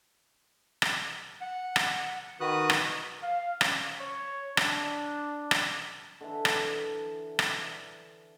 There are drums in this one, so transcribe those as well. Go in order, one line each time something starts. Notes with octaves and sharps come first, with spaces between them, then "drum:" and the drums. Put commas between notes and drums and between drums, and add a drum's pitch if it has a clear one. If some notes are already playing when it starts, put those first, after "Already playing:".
drum: rim click
F#5
drum: rim click
D#3 F#4 B4 D#6 F#6
drum: rim click
F5
C#4, drum: rim click
C#5
D4, drum: rim click
drum: rim click
D3 E3
drum: rim click
drum: rim click